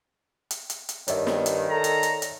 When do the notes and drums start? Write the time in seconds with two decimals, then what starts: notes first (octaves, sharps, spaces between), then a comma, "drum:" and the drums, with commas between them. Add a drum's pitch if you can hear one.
0.51 drum: hi-hat
0.70 drum: hi-hat
0.89 drum: hi-hat
1.08 G2 D#3 C#5 D5 E5, drum: hi-hat
1.27 drum: snare
1.46 drum: hi-hat
1.70 A4 A#5
1.84 drum: hi-hat
2.03 drum: hi-hat
2.22 drum: hi-hat